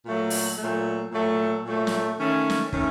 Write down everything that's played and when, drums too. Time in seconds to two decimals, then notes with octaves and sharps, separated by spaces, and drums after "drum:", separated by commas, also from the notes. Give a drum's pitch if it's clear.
0.05 A#2 F#3 A3
0.30 drum: open hi-hat
0.58 A#2 F#3 A3
1.11 A#2 F#3 A3
1.65 A#2 F#3 A3
1.87 drum: snare
2.20 D#3 A3 C#4
2.50 drum: snare
2.73 D#3 A3 C#4, drum: kick